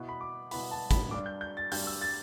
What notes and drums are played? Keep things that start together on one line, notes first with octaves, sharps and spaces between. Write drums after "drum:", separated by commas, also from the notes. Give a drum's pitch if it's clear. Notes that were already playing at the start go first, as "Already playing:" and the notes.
Already playing: B2 B3 E4
B5
D6
B2 B3 E4 B5, drum: open hi-hat
A5
B5, drum: kick, hi-hat
G2 G3 D4 D6
G6
G6
A6
G2 G3 D4 G6, drum: open hi-hat
E6
A6